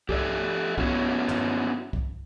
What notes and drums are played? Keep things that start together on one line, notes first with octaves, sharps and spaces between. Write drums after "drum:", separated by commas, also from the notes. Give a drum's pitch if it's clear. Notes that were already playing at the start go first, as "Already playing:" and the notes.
G4 A4 D5 E5, drum: kick C2
B3 C#4 E4 F#4, drum: kick C2
drum: tom
drum: kick C2